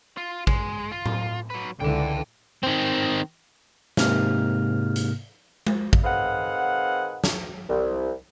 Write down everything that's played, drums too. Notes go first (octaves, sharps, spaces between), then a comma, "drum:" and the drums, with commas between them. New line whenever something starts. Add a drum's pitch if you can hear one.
F4
G#3, drum: kick
F4
drum: tom A2
F#3 B4
C#2 D3 E3 G5 A5
D#3 C4
G#2 C3 A#3 F6, drum: snare
drum: hi-hat
drum: tom G#3
drum: kick
D#3 C4 G#4 B4 F5 F#5
drum: snare
C2